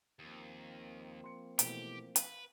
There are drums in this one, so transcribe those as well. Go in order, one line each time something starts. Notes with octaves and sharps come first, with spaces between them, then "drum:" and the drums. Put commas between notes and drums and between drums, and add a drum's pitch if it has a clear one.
D#2 F3 A#3 C4
C6 C#7
B2 E3 A3 G4, drum: hi-hat
B4 F5, drum: hi-hat